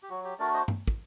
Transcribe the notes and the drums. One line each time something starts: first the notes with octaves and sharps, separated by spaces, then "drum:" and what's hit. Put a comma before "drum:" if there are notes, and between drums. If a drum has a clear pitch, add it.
G4
F#3 F#4
G4
A3 D4 F#4 A#4 D5
C5 D#5
drum: tom G2
drum: kick